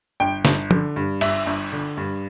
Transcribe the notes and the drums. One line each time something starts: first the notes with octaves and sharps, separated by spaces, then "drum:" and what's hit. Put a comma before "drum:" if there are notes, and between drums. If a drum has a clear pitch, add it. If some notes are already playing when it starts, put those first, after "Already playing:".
G1 G5
G1, drum: snare
D3, drum: tom
G2
G1 E5, drum: cymbal
G1
D3
G2